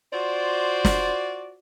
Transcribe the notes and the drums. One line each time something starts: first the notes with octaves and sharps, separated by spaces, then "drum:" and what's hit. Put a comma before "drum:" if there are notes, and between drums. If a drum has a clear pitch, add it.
F4 F#4 C5 D5
drum: snare